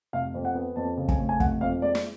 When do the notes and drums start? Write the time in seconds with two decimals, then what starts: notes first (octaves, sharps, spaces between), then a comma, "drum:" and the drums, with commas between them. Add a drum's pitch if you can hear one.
0.13 F1 F5
0.34 F2
0.45 F#5
0.55 B3
0.76 F2 A5
0.97 C#3
1.08 G#5, drum: kick
1.19 A3
1.29 G#5
1.40 F1 F#5, drum: kick
1.61 F2 F5
1.82 G#3 D5
1.95 drum: snare